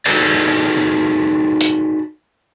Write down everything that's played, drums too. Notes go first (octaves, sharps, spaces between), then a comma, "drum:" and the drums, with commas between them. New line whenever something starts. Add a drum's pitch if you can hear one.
D#4 F#4 G#4 A4 B4 D5, drum: cymbal
drum: hi-hat